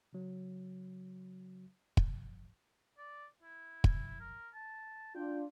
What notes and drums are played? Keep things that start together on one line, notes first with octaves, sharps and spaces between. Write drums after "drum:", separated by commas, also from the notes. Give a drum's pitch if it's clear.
C#3 F#3
drum: kick
D5
E4
drum: kick
A#4
A5
D4 F4 G5